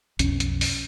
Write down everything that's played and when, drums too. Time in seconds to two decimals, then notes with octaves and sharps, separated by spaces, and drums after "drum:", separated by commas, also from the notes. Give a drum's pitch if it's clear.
0.19 B1 F2 C#4, drum: hi-hat
0.40 drum: hi-hat
0.61 drum: open hi-hat